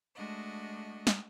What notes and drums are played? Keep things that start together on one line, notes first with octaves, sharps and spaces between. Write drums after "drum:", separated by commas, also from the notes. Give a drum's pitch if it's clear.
G#3 A3 D4 F#4 D#5
drum: snare